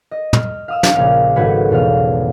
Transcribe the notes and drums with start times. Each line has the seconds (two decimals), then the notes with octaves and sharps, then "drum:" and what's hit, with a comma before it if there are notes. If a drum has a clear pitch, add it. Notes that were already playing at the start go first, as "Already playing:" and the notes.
0.11 D#5
0.33 F6, drum: tom
0.68 F5 D#6 E6
0.83 drum: snare
0.95 A#1 C#3 A#3 C#4 F5
1.36 G#1 A3 F#4 G#4 B4 C#5
1.70 E2 B2 B3 F5